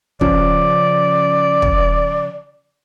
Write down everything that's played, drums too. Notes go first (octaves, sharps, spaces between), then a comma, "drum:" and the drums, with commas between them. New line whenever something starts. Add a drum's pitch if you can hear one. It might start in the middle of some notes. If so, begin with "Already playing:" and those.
C#3 F3 C#4 D5, drum: kick
drum: kick